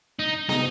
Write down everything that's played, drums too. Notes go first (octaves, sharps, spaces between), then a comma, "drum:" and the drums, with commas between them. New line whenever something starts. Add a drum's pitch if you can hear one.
D#4
D#4, drum: snare